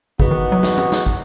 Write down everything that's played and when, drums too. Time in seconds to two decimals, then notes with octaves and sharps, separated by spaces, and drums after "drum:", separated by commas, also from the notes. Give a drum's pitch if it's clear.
0.20 C#3 E3 B3 D#4 F#4, drum: kick
0.31 D#3
0.52 F#3
0.63 drum: snare
0.78 drum: tom E3
0.92 drum: snare
1.06 drum: kick